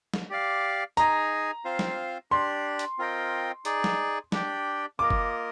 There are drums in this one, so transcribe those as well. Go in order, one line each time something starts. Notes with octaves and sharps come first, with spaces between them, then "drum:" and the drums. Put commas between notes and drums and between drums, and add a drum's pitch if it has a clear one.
drum: snare
G4 D5 F5
D#4 G#4 D#5 G#5 A#5, drum: hi-hat
C4 F4 C5 F5
drum: snare
D4 G4 D5 C6
drum: hi-hat
C4 F4 A#4 D#5 G5
D#4 G#4 D5, drum: hi-hat
drum: snare
D4 G4 D5 G5, drum: snare
A#3 F4 A#4 D#5 D6
drum: kick G1